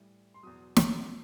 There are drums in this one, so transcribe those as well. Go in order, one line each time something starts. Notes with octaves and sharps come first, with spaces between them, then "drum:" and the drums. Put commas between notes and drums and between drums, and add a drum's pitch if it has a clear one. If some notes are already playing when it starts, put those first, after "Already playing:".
Already playing: A2 E3 G3
C6
E2 B2 F#3 D#6
drum: snare